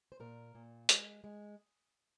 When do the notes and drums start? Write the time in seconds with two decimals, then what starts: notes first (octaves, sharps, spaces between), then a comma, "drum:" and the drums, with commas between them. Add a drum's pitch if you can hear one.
0.12 C5
0.20 A#2 A#4
0.55 A#2
0.89 G#3, drum: hi-hat
1.24 G#3